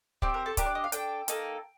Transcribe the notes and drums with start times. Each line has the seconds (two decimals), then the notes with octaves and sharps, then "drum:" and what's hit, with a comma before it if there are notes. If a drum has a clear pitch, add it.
0.22 C4 G4 D5, drum: kick
0.34 A#4
0.46 A4
0.57 D4 G4 A#4, drum: kick, hi-hat
0.66 D5
0.75 D#5
0.84 F5
0.92 D4 A4 G5, drum: hi-hat
1.28 A#3 D#4 A4, drum: hi-hat